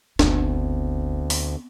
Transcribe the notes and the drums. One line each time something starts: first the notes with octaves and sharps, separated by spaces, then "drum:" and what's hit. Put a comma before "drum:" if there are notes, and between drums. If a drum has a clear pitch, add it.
F#1 D2 B3 C4, drum: snare
drum: open hi-hat